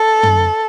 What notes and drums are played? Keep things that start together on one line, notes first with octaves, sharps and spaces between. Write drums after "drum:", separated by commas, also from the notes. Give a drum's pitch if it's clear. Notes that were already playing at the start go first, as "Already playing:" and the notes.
Already playing: A4
drum: tom